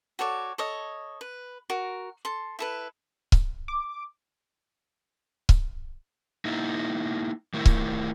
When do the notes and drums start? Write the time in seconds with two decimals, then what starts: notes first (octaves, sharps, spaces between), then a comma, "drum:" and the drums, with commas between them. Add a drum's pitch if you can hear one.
0.19 F#4 A4 C#5 D5
0.58 A4 C#5 D#5
1.21 B4
1.70 F#4 A#4
2.25 A4 C6
2.59 E4 A4 B4
3.32 drum: kick C#1
3.68 D6
5.49 drum: kick C#1
6.45 A#3 D#4 E4
7.54 D#3 A3 E4 A#4
7.66 drum: kick C#1